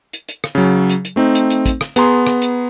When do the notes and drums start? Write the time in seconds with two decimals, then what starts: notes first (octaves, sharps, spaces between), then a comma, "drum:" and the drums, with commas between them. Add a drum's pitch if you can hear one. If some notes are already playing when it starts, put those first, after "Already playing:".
0.13 drum: hi-hat
0.29 drum: hi-hat
0.44 drum: rim click
0.55 C#3 F#3
0.89 drum: hi-hat
1.05 drum: hi-hat
1.16 A3 C4 D#4
1.35 drum: hi-hat
1.50 drum: hi-hat
1.66 drum: kick, hi-hat
1.81 drum: rim click
1.96 B3 G#4 A#5 C6, drum: hi-hat
2.27 drum: rim click
2.42 drum: hi-hat